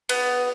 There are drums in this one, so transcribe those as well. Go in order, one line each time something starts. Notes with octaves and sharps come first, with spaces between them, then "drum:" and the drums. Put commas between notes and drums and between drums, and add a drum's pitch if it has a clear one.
B3, drum: cymbal